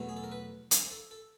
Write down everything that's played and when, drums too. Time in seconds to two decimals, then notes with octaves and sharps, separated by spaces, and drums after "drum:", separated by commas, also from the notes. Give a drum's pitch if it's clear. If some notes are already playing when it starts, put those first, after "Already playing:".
Already playing: E2 B2 F#3 A3
0.09 G#4
0.17 A4
0.24 A#4
0.31 B4
0.71 A#4, drum: hi-hat
0.91 A4
1.11 A4